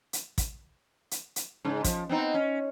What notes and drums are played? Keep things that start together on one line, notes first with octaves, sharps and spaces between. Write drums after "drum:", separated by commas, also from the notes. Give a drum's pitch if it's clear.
drum: hi-hat
drum: kick, hi-hat
drum: hi-hat
drum: hi-hat
G#2 C#3
F3, drum: kick, hi-hat
B3 C4 D#4
C#4